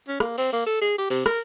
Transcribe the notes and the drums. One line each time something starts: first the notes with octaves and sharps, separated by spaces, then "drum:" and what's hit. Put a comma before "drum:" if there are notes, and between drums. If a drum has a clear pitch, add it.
C#4
A#3, drum: rim click
C4, drum: cymbal
A#3
A4
G#4
G4
C3, drum: cymbal
A#4, drum: rim click